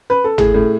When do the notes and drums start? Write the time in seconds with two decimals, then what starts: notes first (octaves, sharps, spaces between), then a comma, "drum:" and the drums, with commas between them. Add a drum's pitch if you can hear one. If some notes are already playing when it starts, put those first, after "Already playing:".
0.10 B4
0.24 A4
0.38 A2 G#4, drum: tom
0.54 A2